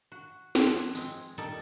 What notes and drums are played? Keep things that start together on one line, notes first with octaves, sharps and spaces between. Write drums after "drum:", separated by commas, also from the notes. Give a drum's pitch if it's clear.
F#4
F3 C4 B4 C#5 G#5, drum: snare
G#3 C4, drum: tambourine
A#2 G3 D#4 A4 D5